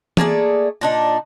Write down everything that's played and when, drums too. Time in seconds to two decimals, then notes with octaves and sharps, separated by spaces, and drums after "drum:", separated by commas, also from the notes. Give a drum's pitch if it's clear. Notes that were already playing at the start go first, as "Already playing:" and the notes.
0.17 A3 A#3 G#4 D5, drum: tom
0.81 A#2 D4 D#4